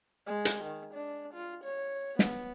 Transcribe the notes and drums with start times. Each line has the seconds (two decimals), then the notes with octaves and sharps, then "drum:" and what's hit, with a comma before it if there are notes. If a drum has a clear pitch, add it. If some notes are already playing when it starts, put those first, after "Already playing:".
0.27 G#3
0.45 drum: hi-hat
0.64 D#3
0.94 D4
1.34 F4
1.64 C#5
2.19 B3, drum: snare